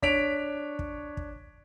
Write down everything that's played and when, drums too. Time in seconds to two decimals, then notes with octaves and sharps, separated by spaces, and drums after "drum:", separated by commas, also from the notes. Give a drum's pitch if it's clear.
0.02 D4 C#5 B6 D7 F7, drum: kick
0.79 drum: kick
1.17 drum: kick